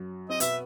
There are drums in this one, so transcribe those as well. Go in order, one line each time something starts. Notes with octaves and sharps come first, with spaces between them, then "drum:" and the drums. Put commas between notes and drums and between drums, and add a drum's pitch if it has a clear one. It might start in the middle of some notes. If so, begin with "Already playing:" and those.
Already playing: F#2 F#3
C4 D#5
B2 B3 E5, drum: hi-hat